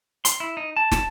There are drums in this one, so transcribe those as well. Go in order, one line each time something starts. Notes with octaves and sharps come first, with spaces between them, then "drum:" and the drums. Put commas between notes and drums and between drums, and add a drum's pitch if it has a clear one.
C6, drum: hi-hat
E4
D#4
A5
A5, drum: snare